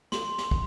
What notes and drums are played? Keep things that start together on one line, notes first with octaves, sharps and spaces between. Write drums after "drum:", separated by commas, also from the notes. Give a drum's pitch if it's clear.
C6, drum: snare
drum: snare
drum: kick